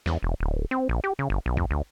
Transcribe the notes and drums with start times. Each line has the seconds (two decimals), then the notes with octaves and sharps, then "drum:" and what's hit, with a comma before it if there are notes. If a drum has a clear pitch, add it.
0.06 E2, drum: snare
0.23 E1
0.40 D1
0.71 C4
0.89 A#1
1.04 G4
1.19 C#3
1.30 G1
1.46 B1
1.57 F2, drum: kick G#1
1.71 D2